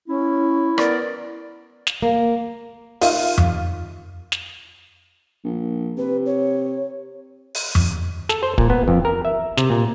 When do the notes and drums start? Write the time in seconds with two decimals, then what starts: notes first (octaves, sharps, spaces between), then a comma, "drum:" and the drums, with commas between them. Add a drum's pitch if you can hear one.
0.08 C#4 E4
0.78 B3 A#4 D5, drum: rim click
1.87 drum: snare
2.02 A#3
3.01 D#3 F4 E5, drum: open hi-hat
3.38 drum: tom F2
4.32 drum: snare
5.45 A#1
5.98 C3 B4
6.26 C#5
7.55 drum: open hi-hat
7.75 drum: tom F2
8.29 A4, drum: snare
8.43 C5
8.58 A#2, drum: kick
8.70 B3
8.88 F2
9.05 A#4
9.25 E5
9.57 C3, drum: snare
9.70 A#2